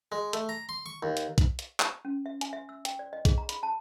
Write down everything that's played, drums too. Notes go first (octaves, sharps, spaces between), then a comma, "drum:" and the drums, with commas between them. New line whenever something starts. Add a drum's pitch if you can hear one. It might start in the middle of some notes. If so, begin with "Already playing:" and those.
G#3
A3, drum: hi-hat
A#5
C6
C#6
D#2
drum: hi-hat
drum: kick, hi-hat
drum: hi-hat
drum: clap
C#4
E5
G#5, drum: hi-hat
E5
E6
G5, drum: hi-hat
D5
D#5
G#4, drum: kick, hi-hat
A#5
B5, drum: hi-hat
A5